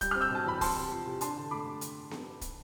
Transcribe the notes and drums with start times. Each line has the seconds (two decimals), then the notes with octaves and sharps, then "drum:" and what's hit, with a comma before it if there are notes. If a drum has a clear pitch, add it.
0.01 G3 G6, drum: kick, hi-hat
0.11 C4 F6
0.21 E6 G6
0.30 B2 A5
0.46 E2 B5
0.61 C4 A5 C6, drum: kick, open hi-hat
0.76 C3
0.91 F3
1.06 C3
1.21 D4 A5 C6, drum: hi-hat
1.36 D3
1.51 A3 B5 D6
1.66 D3
1.81 drum: hi-hat
2.11 drum: snare B3
2.41 drum: kick, hi-hat